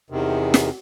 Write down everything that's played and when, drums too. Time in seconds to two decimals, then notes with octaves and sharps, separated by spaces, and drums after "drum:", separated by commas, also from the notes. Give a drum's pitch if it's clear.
0.10 E2 C3 D#3
0.54 drum: snare